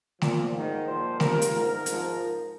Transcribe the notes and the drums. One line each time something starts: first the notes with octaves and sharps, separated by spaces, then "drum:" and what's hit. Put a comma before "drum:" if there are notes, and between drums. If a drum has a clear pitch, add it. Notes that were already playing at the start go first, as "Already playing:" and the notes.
A#2 F3, drum: snare
G#2 D#3
A#2 F3 C5
G2 F3 A#4, drum: snare
drum: hi-hat
G#2 D#3 A#4
G#2 F3, drum: hi-hat